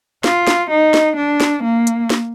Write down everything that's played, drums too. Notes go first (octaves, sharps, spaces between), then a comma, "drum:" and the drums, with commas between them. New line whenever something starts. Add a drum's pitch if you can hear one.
F4, drum: snare
drum: snare
D#4
drum: snare
D4
drum: snare
A#3
drum: hi-hat
drum: snare